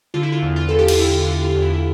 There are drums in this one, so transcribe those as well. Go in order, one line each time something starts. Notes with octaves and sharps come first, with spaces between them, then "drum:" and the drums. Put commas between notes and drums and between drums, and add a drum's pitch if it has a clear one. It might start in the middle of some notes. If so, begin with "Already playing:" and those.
D3 F4
E4
F4
E2
F4
E2 A4
G4
F4, drum: cymbal
D3 E4
F4
D3
F4
E2
E4
E4